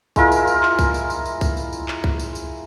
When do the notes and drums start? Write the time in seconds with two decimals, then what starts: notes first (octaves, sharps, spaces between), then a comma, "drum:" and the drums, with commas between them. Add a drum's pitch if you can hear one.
0.16 G#3 E4 F4 A#4, drum: kick C2, tambourine
0.32 drum: tambourine
0.47 drum: tambourine
0.63 drum: clap
0.79 drum: kick C2, tambourine
0.94 drum: tambourine
1.10 drum: tambourine
1.26 drum: tambourine
1.41 drum: kick C2, tambourine
1.57 drum: tambourine
1.73 drum: tambourine
1.88 drum: clap
2.04 drum: kick C2
2.20 drum: tambourine
2.35 drum: tambourine